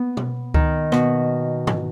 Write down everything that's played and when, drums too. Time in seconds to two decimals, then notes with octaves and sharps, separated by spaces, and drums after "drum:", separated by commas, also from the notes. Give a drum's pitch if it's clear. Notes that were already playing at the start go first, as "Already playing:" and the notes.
Already playing: B3
0.17 drum: tom B2
0.54 D#3, drum: kick C#2
0.92 B2, drum: rim click
1.67 drum: tom G#2